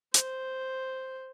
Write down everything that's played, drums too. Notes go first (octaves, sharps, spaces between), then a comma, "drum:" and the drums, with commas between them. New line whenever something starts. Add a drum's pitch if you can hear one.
C5, drum: hi-hat